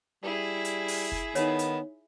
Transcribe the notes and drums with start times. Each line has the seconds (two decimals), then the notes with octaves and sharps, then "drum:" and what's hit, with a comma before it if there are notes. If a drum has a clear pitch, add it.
0.23 G3 E4 G#4
0.65 drum: hi-hat
0.88 drum: open hi-hat
1.12 drum: kick
1.35 D#3 B3 D#4 C#5, drum: hi-hat
1.59 drum: hi-hat